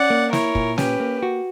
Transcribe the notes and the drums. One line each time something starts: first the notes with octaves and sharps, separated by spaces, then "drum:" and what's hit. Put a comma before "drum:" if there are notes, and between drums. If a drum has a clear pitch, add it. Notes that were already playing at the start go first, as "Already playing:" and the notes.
Already playing: C#4 D5 F#5
A#3
E4 A#4 C#5, drum: snare
A#2, drum: kick
C#4 G4 B4, drum: snare
A#3
F#4